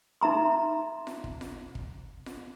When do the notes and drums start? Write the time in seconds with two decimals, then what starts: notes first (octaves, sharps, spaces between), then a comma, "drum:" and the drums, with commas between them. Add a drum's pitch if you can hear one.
0.21 D#4 E5 A#5 C6
1.07 drum: snare F4
1.24 drum: kick
1.41 drum: snare F4
1.75 drum: kick
2.26 drum: snare F4